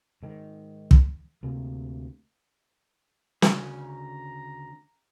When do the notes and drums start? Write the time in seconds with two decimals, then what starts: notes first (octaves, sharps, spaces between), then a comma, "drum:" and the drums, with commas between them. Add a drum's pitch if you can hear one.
0.23 G#2 D#3
0.91 drum: kick
1.43 D2 C3 A#3
3.42 D2 C#3 C#4, drum: snare
3.83 A#5